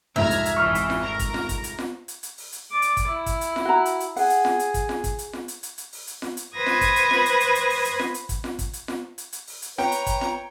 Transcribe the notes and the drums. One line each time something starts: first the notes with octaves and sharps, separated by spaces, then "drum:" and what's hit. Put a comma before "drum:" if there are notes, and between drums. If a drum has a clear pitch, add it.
C2 F2 G#2 E5 A#5 F6 G#6
drum: hi-hat
drum: hi-hat
G#1 E3 C#6 F6
drum: hi-hat
drum: snare F4
A#4 A#5
drum: kick, hi-hat
drum: snare F4
drum: kick, hi-hat
drum: hi-hat
drum: snare F4
drum: hi-hat
drum: hi-hat
drum: open hi-hat
drum: hi-hat
D5 D6
drum: hi-hat
drum: kick, hi-hat
E4
drum: kick, hi-hat
drum: hi-hat
drum: snare F4
F#4 A#5
drum: hi-hat
drum: hi-hat
G#4 F#5, drum: open hi-hat
drum: hi-hat
drum: snare F4
drum: hi-hat
drum: kick, hi-hat
drum: snare F4
drum: kick, hi-hat
drum: hi-hat
drum: snare F4
drum: hi-hat
drum: hi-hat
drum: hi-hat
drum: open hi-hat
drum: hi-hat
drum: snare F4
drum: hi-hat
B4 C5 D#6 G#6 A#6
drum: snare F4
drum: kick, hi-hat
drum: hi-hat
drum: snare F4
drum: hi-hat
drum: hi-hat
drum: hi-hat
drum: open hi-hat
drum: hi-hat
drum: snare F4
drum: hi-hat
drum: kick, hi-hat
drum: snare F4
drum: kick, hi-hat
drum: hi-hat
drum: snare F4
drum: hi-hat
drum: hi-hat
drum: open hi-hat
drum: hi-hat
B4 C#5 G5 A#5, drum: snare F4
drum: hi-hat
drum: kick, hi-hat
drum: snare F4